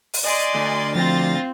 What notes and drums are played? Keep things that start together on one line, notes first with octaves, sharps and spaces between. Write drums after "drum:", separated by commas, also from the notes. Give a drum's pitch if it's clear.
drum: open hi-hat
D5 D#5 G#5 C6
D2
F3 C4 F4 A6 A#6